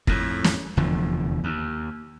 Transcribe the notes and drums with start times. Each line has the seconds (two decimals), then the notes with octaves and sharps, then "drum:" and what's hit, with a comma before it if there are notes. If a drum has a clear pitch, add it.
0.07 F2 A2, drum: kick
0.44 drum: snare
0.77 F1 E2 D3 F3
1.44 D#2